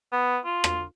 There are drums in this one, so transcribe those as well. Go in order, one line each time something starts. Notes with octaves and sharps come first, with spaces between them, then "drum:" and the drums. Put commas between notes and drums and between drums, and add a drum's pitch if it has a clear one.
B3
F4
drum: rim click